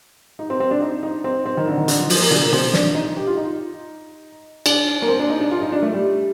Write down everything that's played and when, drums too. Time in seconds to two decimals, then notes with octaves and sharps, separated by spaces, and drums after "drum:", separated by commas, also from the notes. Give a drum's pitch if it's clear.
0.39 D#4
0.50 C4
0.60 C4
0.71 D4
0.81 D#4
1.03 D#4
1.24 C4
1.46 C4
1.57 D#3
1.68 D3
1.77 D#3
1.88 D3, drum: hi-hat
1.99 F3
2.10 F3, drum: open hi-hat
2.21 A#3
2.31 D4, drum: tom
2.42 A#3
2.52 C4, drum: tom
2.74 D4, drum: snare
2.95 D#4
3.17 G4
3.27 F4
3.37 D#4
4.66 D4, drum: cymbal
5.02 A#3
5.08 C4
5.19 D4
5.30 D#4
5.40 D4
5.51 F4
5.61 D#4
5.72 D4
5.82 A3
5.94 G3